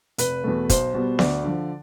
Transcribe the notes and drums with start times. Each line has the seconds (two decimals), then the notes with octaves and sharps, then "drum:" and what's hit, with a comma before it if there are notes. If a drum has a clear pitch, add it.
0.18 F1 B4, drum: hi-hat
0.44 E2 B2 A3
0.69 B1 C5, drum: kick, hi-hat
0.94 B2 G3 B3
1.19 D2 D5, drum: snare B3
1.44 D3 F3